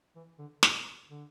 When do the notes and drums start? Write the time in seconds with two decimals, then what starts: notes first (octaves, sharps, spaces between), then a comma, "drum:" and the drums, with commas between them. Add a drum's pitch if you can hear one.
0.16 E3
0.39 D3
0.63 B2, drum: snare
1.10 D3